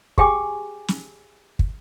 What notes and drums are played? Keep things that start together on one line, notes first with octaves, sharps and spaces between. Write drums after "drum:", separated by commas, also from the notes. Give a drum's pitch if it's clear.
G4 G#4 G5 G#5 D6, drum: kick
drum: snare
drum: kick